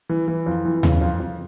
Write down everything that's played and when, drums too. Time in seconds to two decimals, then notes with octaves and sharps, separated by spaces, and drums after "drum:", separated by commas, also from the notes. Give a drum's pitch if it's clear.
0.09 E3
0.28 E3
0.46 F2
0.65 E3
0.83 C#3, drum: tom D#2
1.01 F2
1.20 F2